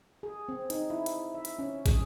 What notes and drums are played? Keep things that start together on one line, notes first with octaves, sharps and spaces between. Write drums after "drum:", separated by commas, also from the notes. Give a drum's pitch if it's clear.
G#4
C4
D#4, drum: hi-hat
E4
drum: hi-hat
E5
drum: hi-hat
C#4
G#4, drum: kick, hi-hat